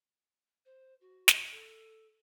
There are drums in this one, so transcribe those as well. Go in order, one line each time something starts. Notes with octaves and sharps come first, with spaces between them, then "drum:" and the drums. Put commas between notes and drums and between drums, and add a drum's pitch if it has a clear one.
C5
F#4
drum: snare
A4